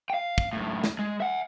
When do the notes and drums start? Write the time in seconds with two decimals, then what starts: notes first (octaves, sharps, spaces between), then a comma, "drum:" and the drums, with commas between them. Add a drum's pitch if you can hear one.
0.10 F5 G5
0.38 drum: kick
0.53 F#2 A2
0.84 drum: snare
0.99 G#3
1.20 E5 F#5